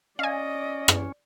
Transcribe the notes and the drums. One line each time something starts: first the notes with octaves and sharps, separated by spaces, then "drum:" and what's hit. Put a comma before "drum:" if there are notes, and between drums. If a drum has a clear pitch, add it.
C#4 D5 D#5 F5 G#5
drum: rim click